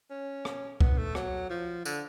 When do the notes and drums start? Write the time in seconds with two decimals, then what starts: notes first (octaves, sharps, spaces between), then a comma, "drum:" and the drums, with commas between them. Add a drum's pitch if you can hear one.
0.10 C#4
0.45 drum: rim click
0.81 B3, drum: kick C2
0.98 A3
1.15 F#3, drum: rim click
1.50 F3
1.85 D3, drum: tambourine